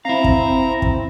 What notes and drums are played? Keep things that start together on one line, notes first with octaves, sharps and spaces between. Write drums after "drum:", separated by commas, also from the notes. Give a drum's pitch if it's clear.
C4 E4 F5 A#5
drum: kick
drum: kick